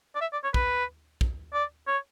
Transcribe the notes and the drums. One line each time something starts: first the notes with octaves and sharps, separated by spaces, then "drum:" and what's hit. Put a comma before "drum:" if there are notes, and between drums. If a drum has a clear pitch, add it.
D5
E5
D5
C#5
B4, drum: kick
drum: kick
D5
C#5